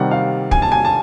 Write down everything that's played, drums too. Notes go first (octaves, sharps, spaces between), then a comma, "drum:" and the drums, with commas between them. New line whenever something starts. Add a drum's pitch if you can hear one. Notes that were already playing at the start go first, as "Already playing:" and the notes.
Already playing: C3 D#3 G3 C4 F#5
F5
G#5, drum: kick
A5
G#5
A5